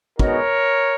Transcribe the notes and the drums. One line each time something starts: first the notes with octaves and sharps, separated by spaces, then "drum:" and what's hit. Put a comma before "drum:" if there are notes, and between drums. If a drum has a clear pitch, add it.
G#3 B3 D#4 F#4 A#4 C#5, drum: kick